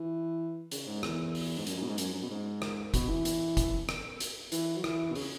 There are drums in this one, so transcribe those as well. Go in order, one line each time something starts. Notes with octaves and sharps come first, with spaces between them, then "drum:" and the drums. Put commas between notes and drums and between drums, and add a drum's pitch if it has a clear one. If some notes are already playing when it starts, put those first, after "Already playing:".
Already playing: E3
C#3, drum: hi-hat
G#2
E2, drum: rim click
drum: open hi-hat
G#2
F#2, drum: hi-hat
F#2
B2
G#2
F#2, drum: hi-hat
F#2
B2
G#2
drum: rim click
B2, drum: kick, hi-hat
E3
drum: hi-hat
drum: kick, hi-hat
drum: rim click
drum: hi-hat
E3, drum: hi-hat
F#3
E3, drum: rim click
B2
C#3, drum: open hi-hat